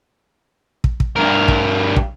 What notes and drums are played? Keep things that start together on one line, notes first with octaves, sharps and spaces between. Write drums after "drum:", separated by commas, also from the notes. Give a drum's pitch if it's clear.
drum: kick
drum: kick
G2 A#4
drum: kick
drum: kick